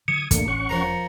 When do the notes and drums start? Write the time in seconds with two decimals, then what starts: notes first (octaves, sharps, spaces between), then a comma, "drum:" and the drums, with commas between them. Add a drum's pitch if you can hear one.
0.08 D3 F#3 D#6 G#6 C#7
0.31 A1 D3 A3 A#3, drum: kick, hi-hat
0.48 C#4 F#5 C#6
0.69 E1 F3 A#4 A#5